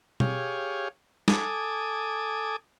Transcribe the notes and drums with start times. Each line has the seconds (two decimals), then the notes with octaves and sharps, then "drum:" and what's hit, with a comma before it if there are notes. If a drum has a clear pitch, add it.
0.20 G4 G#4 C#5 F5, drum: tom B2
1.28 A4 G#5 D6 D#6, drum: snare